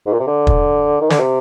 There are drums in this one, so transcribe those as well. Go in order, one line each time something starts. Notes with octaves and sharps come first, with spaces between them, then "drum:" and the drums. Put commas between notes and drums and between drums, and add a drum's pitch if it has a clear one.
G#2
A#2
C3
D3
drum: kick
D#3
D3, drum: snare
C3